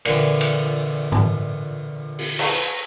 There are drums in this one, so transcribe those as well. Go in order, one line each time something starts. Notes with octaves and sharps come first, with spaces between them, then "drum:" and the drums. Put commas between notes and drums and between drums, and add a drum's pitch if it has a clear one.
A#2 D3 E3, drum: cymbal
drum: cymbal
drum: tom G2
drum: open hi-hat
drum: cymbal